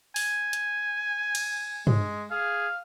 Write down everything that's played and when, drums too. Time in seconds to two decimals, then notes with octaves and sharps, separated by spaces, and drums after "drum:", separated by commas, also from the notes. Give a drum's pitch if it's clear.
0.16 G#5, drum: open hi-hat
0.53 drum: hi-hat
1.35 drum: cymbal
1.87 G#3, drum: tom
2.31 G#4 F5